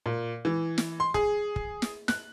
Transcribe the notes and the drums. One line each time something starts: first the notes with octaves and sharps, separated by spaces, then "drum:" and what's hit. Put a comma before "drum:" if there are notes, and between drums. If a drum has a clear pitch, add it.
A#2
E3
drum: snare
C6
G#4, drum: kick
drum: kick
drum: snare
F#6, drum: snare